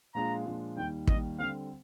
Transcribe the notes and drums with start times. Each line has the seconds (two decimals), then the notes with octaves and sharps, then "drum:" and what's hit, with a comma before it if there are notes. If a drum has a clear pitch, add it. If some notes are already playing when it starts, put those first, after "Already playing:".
0.15 A#2 F3 G#3 D4 F4 A#5
0.45 A#2 F3 G#3 D4 F4
0.77 D#2 D#3 G3 G5
1.07 D#2 D#3 G3 D#5, drum: kick
1.39 D3 G3 C4 F5